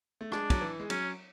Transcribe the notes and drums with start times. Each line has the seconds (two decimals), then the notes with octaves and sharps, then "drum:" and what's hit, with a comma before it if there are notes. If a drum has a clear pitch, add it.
0.21 A3
0.32 G#3 D4, drum: rim click
0.50 F#3, drum: kick, cymbal
0.61 E3
0.80 G#3
0.90 F#3 C#4, drum: cymbal